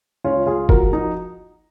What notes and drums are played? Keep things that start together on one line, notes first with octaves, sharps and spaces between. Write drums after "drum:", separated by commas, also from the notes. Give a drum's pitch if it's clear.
C#2 C#4 F4
C#2 F4 G#4
F3 F#4 A#4, drum: kick
F3 D#4 F#4